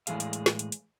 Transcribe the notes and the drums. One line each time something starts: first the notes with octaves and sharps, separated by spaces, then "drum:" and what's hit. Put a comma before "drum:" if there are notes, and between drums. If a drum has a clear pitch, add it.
A2 E3 G#3 G#4 F5, drum: hi-hat
drum: hi-hat
drum: hi-hat
drum: snare
drum: hi-hat
drum: hi-hat